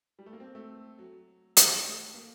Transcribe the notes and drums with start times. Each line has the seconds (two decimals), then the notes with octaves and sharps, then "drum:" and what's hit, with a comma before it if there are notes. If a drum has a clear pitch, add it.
0.19 G3
0.26 A3
0.33 A#3
0.40 C4
0.55 A3
0.98 F#3
1.57 D#3, drum: hi-hat
1.85 A3
2.14 A#3